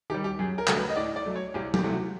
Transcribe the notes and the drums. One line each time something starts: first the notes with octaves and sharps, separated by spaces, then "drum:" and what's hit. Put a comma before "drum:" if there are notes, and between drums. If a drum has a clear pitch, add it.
D#3 G3 G4
G4
F#2 G#4
A#4
D3 F#3 A3, drum: clap
B4
D#5
A2 D5
D5
F#3 A3
C#5
C2 G4
G4, drum: tom F#3
C3 E3 A3
F#4